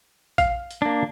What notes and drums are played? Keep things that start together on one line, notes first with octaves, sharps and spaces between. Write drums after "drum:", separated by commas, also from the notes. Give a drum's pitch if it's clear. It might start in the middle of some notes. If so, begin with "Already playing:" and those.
F5, drum: kick, hi-hat
drum: hi-hat
A#3 D4